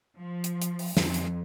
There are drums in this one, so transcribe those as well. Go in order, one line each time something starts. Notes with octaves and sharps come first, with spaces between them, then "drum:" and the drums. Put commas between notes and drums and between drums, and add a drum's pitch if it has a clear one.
F3
drum: hi-hat
drum: hi-hat
drum: open hi-hat
F2, drum: snare
drum: hi-hat